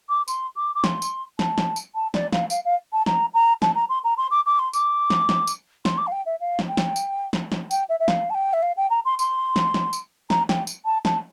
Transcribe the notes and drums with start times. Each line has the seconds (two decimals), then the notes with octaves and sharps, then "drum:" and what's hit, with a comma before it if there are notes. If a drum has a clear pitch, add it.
0.09 D6
0.28 C6, drum: tambourine
0.56 D6
0.75 D6
0.84 C6, drum: snare
1.02 drum: tambourine
1.39 A5, drum: snare
1.58 drum: snare
1.76 drum: tambourine
1.95 A5
2.14 D5, drum: snare
2.33 F5, drum: snare
2.50 F5, drum: tambourine
2.65 F5
2.93 A5
3.06 A#5, drum: snare
3.34 A#5
3.62 A5, drum: snare
3.75 A#5
3.89 C6
4.04 A#5
4.17 C6
4.31 D6
4.46 D6
4.59 C6
4.73 D6, drum: tambourine
5.10 drum: snare
5.29 drum: snare
5.47 drum: tambourine
5.85 C6, drum: snare
5.98 D6
6.07 F5
6.12 G5
6.26 E5
6.41 F5
6.59 drum: snare
6.68 G5
6.77 drum: snare
6.96 drum: tambourine
7.33 drum: snare
7.52 drum: snare
7.71 G5, drum: tambourine
7.89 E5
8.00 E5
8.08 F5, drum: snare
8.30 A5
8.35 G5
8.53 E5
8.62 F5
8.77 G5
8.90 A#5
9.05 C6
9.19 C6, drum: tambourine
9.56 drum: snare
9.74 drum: snare
9.93 drum: tambourine
10.30 A#5, drum: snare
10.49 G5, drum: snare
10.67 drum: tambourine
10.85 A5
11.05 A5, drum: snare